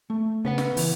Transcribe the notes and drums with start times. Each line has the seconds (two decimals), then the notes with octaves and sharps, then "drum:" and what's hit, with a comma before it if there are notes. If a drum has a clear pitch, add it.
0.10 A3
0.45 C#3 B3 B4 F#5
0.58 drum: snare
0.77 E3, drum: open hi-hat